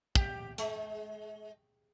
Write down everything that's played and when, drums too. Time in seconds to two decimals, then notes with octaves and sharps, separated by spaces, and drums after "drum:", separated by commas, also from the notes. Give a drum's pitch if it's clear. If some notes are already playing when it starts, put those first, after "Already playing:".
0.15 G4, drum: kick
0.58 G#3, drum: hi-hat